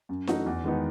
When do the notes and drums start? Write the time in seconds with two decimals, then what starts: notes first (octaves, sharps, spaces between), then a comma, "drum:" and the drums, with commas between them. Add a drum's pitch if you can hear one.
0.09 F#2
0.27 E3 A3 D#4 F#4, drum: snare D4
0.46 E2
0.64 D#3 G#3 B3 D#4